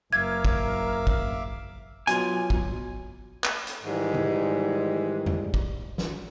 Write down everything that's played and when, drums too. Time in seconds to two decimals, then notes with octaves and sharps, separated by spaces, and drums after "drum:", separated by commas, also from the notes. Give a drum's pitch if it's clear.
0.13 F#1 A#4 E5 F5 D6 G#6
0.45 drum: kick
1.07 drum: kick
2.07 B2 F#3 F4 G#5, drum: hi-hat
2.50 drum: kick
3.44 drum: clap
3.67 drum: hi-hat
3.84 G#2 D#3 E3 G3 G#3
4.14 drum: tom C#3
5.26 drum: tom F2
5.54 drum: kick
5.98 drum: snare